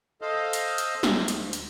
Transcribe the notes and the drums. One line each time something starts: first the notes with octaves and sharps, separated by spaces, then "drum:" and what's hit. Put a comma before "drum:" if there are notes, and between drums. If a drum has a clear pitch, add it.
A4 C5 D#5 F5
drum: hi-hat
drum: hi-hat
drum: snare
D2, drum: hi-hat
drum: hi-hat